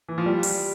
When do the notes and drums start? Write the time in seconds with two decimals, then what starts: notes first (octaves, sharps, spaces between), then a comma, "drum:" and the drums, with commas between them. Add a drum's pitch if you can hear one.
0.09 E3
0.18 F3
0.26 G3
0.43 drum: open hi-hat